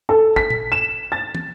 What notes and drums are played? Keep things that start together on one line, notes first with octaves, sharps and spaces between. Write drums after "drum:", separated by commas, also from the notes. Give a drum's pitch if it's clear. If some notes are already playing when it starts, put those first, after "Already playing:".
A4
B6, drum: kick
drum: tom A#2
E7
A6
drum: tom